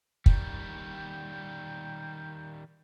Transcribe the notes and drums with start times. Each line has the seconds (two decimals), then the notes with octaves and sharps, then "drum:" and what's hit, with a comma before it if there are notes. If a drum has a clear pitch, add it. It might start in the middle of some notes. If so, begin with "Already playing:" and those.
0.26 D#3 G3 G5, drum: kick